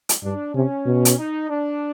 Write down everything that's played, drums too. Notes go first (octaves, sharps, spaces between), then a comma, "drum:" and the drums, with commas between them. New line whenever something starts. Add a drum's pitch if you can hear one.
drum: hi-hat
G2 D4
C3 C#4
B2
drum: hi-hat
D#4
D4